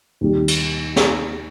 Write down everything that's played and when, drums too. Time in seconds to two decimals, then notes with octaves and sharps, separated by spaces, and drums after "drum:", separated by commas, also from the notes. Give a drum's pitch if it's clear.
0.21 D#2 D#3 G3
0.48 drum: cymbal
0.96 drum: snare